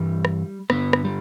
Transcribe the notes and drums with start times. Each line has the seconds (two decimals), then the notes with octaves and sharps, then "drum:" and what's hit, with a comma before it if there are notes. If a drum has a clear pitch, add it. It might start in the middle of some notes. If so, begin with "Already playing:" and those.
Already playing: G2 E3 G3
0.25 drum: rim click
0.70 G2 D3 B3, drum: rim click
0.93 drum: rim click
1.05 G3